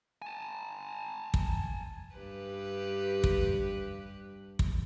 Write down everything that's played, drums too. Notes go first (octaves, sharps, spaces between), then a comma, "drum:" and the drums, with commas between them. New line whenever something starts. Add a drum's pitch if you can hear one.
G#5 A5
drum: kick
G2 G4 B4
drum: kick
drum: kick